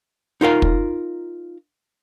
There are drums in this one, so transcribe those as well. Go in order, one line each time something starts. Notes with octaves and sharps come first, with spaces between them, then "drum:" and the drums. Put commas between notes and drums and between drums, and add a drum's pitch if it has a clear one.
D#4 F4 A#4 F5
drum: kick